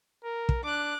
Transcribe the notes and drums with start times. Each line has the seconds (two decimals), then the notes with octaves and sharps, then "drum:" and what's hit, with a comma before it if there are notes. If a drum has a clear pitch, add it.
0.24 A#4
0.49 drum: kick
0.64 D4 D6 F#6